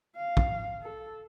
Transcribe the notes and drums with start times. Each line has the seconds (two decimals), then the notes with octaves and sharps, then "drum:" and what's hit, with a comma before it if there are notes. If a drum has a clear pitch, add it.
0.16 F5
0.37 drum: kick
0.82 A4